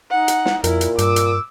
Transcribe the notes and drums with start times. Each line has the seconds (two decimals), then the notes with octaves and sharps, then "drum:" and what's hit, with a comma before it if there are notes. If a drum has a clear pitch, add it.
0.10 D#4 F#5
0.28 drum: hi-hat
0.46 drum: snare
0.64 F2 A#2 E4 A#4, drum: hi-hat
0.81 drum: hi-hat
0.98 G2 D6 E6, drum: hi-hat
1.16 drum: hi-hat